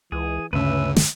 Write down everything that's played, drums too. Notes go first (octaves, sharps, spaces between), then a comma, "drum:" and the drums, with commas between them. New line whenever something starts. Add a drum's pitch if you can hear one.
C#2 E3 G#4
D2 G2 C#3 C#4 B4 E5
drum: snare